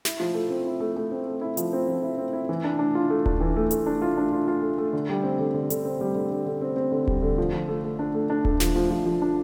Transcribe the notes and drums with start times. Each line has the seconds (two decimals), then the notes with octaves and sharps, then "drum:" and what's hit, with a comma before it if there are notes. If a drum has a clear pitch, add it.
0.05 E4, drum: snare
0.20 F3
0.34 A3
0.50 C4
0.66 E4
0.80 A3
0.96 A3
1.11 C4
1.26 A3
1.41 E4
1.57 F3, drum: hi-hat
1.73 C4
1.88 F3
2.03 E4
2.18 C4
2.33 E4
2.49 E3
2.64 D4
2.79 D4
2.95 F4
3.10 A3
3.26 D4, drum: kick D#1
3.40 E3
3.56 A3
3.71 A3, drum: hi-hat
3.86 D4
4.02 F4
4.17 D4
4.32 F4
4.48 F4
4.62 A3
4.78 A3
4.93 D3
5.09 G3
5.23 C4
5.39 D3
5.54 D3
5.70 D3, drum: hi-hat
5.85 C4
6.01 G3
6.15 D3
6.31 D3
6.46 D3
6.61 C4
6.76 C4
6.92 D3
7.08 G3, drum: kick D#1
7.23 D3
7.38 F3
7.53 F3
7.68 A3
7.84 A3
7.99 D4
8.14 A3
8.30 D4
8.45 A3, drum: kick D#1
8.60 F3, drum: snare
8.76 F3
8.91 F3
9.06 F3
9.22 D4